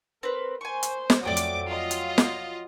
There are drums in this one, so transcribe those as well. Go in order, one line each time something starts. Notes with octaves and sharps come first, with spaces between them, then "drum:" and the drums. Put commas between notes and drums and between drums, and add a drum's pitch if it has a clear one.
C4 A#4 B4
C5 G#5 C#6
drum: hi-hat
drum: snare
F2 F#3 A3 D5 G5 D6 D#6
drum: hi-hat
F4 D#5
drum: hi-hat
drum: snare